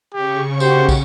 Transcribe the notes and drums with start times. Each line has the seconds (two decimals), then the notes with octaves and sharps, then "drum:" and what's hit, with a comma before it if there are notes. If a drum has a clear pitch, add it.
0.14 C#3 G4 C#6
0.60 D#2 F#4 G4 C5, drum: tambourine
0.89 drum: kick, tambourine